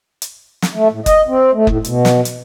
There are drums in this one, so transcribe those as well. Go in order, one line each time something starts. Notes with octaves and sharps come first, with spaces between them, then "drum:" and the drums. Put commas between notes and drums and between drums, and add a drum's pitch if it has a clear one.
drum: hi-hat
drum: snare
A3
A2
D#5, drum: kick F#1, hi-hat
C4
A3
A2, drum: kick F#1
B2, drum: hi-hat
drum: snare
drum: hi-hat